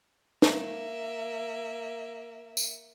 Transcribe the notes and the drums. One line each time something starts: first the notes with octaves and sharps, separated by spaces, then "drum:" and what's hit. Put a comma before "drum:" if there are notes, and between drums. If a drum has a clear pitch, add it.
A#3 E5, drum: snare
drum: tambourine